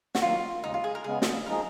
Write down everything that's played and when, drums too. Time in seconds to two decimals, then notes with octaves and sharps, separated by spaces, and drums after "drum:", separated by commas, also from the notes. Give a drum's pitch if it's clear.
0.15 F#4, drum: snare
0.22 D#3 F#3 A#3 F4
0.64 D#2 C#3 G#3 D#4
0.74 F4
0.84 G#4
0.95 A#4
1.04 C#3 G#3 B3 G#4
1.22 drum: snare
1.46 F3 G#3 D#4 G#4 A#4